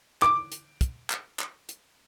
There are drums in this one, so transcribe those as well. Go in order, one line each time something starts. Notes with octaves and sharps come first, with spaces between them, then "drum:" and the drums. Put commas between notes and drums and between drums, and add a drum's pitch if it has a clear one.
D6, drum: clap
drum: hi-hat
drum: kick, hi-hat
drum: clap
drum: clap
drum: hi-hat